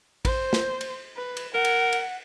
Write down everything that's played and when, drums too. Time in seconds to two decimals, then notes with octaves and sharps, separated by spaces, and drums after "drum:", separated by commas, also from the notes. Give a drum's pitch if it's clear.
0.25 C5, drum: kick A1, cymbal
0.53 drum: snare
0.81 drum: cymbal
1.16 B4
1.37 drum: cymbal
1.54 A#4 F#5
1.65 drum: cymbal
1.93 drum: cymbal